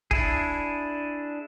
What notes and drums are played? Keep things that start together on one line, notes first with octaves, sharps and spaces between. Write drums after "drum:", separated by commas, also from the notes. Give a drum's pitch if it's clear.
D4 E4 G#4, drum: kick